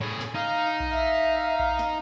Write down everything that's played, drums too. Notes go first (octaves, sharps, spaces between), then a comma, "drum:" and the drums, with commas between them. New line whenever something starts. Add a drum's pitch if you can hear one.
A2 G#4
drum: snare
D#4 F5
drum: kick A#1
E5 F5
drum: kick A#1
drum: snare